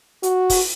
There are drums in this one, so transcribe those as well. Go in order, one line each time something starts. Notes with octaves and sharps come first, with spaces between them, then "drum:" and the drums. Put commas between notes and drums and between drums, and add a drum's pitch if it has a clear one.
F#4, drum: hi-hat
drum: kick, open hi-hat